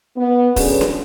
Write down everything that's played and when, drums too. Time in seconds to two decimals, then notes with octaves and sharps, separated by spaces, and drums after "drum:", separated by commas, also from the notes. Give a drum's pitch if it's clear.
0.16 B3
0.56 D3 F#3 C#4 G#4 B4, drum: kick D#1, open hi-hat
0.81 drum: snare C#4